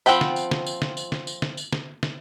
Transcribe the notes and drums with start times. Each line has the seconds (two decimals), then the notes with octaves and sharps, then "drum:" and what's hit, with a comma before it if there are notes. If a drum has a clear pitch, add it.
0.06 F3 C4 F#5 G5 B5, drum: tambourine
0.21 drum: snare
0.36 drum: tambourine
0.51 drum: snare
0.67 drum: tambourine
0.82 drum: snare
0.97 drum: tambourine
1.12 drum: snare
1.27 drum: tambourine
1.42 drum: snare
1.57 drum: tambourine
1.73 drum: snare
2.03 drum: snare